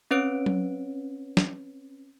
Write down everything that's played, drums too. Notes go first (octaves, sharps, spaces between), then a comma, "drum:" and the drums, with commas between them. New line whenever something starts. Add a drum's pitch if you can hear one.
C4 C#4 B4 C#5 D7
drum: tom F#3
drum: snare